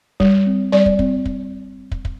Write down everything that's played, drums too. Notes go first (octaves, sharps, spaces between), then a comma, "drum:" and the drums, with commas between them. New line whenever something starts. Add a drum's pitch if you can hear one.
G3, drum: kick
C4
G3 D5
drum: kick
C4, drum: kick
drum: kick
drum: kick
drum: kick